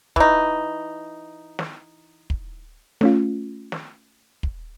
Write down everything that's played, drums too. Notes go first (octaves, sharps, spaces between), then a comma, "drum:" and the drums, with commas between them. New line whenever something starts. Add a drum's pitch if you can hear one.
E3 D#4, drum: kick
drum: snare
drum: kick
A3 C#4 F4, drum: snare
drum: snare
drum: kick